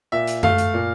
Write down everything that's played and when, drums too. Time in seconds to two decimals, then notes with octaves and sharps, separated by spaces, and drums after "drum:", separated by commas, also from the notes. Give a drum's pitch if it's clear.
0.12 A#2 E5
0.27 drum: hi-hat
0.43 A3 F5, drum: tom F#2
0.58 drum: hi-hat
0.74 A#2